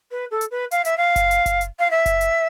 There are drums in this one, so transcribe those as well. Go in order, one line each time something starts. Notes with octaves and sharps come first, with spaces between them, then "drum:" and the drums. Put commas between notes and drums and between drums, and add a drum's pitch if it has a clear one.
B4
A4
drum: hi-hat
B4
F5, drum: hi-hat
E5, drum: hi-hat
F5
drum: kick F#1, hi-hat
drum: hi-hat
drum: kick F#1, hi-hat
drum: hi-hat
F5
E5
drum: kick F#1, hi-hat
drum: hi-hat